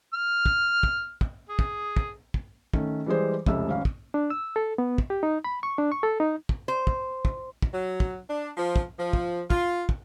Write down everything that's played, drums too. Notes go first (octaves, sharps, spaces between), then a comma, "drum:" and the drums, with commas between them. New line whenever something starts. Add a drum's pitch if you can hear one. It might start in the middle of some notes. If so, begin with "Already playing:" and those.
F6
drum: kick
drum: kick
drum: kick
G#4
drum: kick
drum: kick
drum: kick
D#3 A3 C#4, drum: kick
E3 G3 G#3 G#4 C5
F1 C#2 A3 E5 E6, drum: kick
G#1 C#4 F5
drum: kick
D4
E6
A4
B3
drum: kick
G4
D#4
B5
C#6
D4
C#6
A4
D#4
drum: kick
C5
drum: kick
drum: kick
drum: kick
F#3
drum: kick
D4
F3
drum: kick
F3
drum: kick
F4, drum: kick
drum: kick